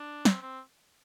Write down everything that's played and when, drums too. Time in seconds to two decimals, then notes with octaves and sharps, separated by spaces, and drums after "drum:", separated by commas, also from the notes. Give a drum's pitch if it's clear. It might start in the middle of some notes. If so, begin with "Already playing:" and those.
Already playing: D4
0.25 C4, drum: snare
0.42 C4